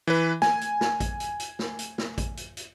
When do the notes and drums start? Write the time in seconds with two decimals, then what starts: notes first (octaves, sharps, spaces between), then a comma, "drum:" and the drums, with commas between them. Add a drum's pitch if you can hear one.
0.07 E3 B4
0.42 G#5, drum: snare
0.61 drum: hi-hat
0.81 drum: snare
1.00 drum: kick A1, hi-hat
1.20 drum: hi-hat
1.40 drum: hi-hat
1.59 drum: snare
1.79 drum: hi-hat
1.98 drum: snare
2.18 drum: kick A1, hi-hat
2.37 drum: hi-hat
2.57 drum: hi-hat